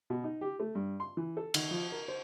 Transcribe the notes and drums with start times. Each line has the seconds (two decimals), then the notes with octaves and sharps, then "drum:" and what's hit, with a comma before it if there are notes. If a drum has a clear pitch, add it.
0.10 B2
0.24 D#4
0.41 G4
0.60 A3
0.75 G2
1.00 C6
1.17 E3
1.37 A4
1.54 D#3, drum: cymbal
1.71 F3
1.92 A#4
2.08 C5